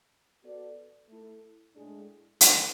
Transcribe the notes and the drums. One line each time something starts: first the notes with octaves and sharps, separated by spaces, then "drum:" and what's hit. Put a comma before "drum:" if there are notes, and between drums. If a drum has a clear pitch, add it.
B3 F#4 A4 D5
A3 E4 A4
A2 G#3 D4 G#4
E3 A3 E4, drum: hi-hat